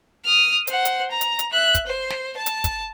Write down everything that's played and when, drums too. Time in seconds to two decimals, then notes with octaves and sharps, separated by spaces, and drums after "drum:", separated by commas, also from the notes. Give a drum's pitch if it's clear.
0.25 D#6 F6
0.67 C5 F#5, drum: hi-hat
0.85 drum: hi-hat
1.11 A#5
1.21 drum: hi-hat
1.39 drum: hi-hat
1.51 E5 F#6
1.75 drum: kick, hi-hat
1.86 C5
2.10 drum: snare
2.37 A5
2.46 drum: hi-hat
2.64 drum: kick, hi-hat